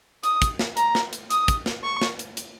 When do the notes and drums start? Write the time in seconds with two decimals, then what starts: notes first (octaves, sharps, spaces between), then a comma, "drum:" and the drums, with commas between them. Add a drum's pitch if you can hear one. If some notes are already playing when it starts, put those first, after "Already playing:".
0.23 D#6, drum: hi-hat
0.42 drum: kick, hi-hat
0.59 drum: snare
0.77 A#5, drum: hi-hat
0.95 drum: snare
1.13 drum: hi-hat
1.31 D#6, drum: hi-hat
1.48 drum: kick, hi-hat
1.66 drum: snare
1.84 C#6
2.01 drum: snare
2.19 drum: hi-hat
2.37 drum: hi-hat